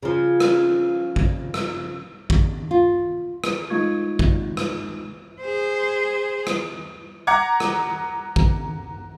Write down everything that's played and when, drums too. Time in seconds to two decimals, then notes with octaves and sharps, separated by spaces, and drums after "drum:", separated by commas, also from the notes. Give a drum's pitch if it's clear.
0.03 C#3 F3
0.40 drum: rim click
1.16 drum: kick A1
1.54 drum: rim click
2.30 drum: kick A1
2.71 F4
3.44 drum: rim click
3.70 G#3 A3 D#4 F4 C#6 G#6
4.19 drum: kick A1
4.57 drum: rim click
5.41 G#4 C5
6.47 drum: rim click
7.27 F#5 A#5 D6 G#6
7.60 drum: rim click
8.36 drum: kick A1